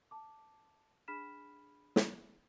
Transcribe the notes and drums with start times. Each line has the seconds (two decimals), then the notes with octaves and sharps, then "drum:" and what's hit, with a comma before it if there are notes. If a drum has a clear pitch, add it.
0.11 A5 D6
1.08 D4 G#4 B5 F6 B6 E7
1.96 drum: snare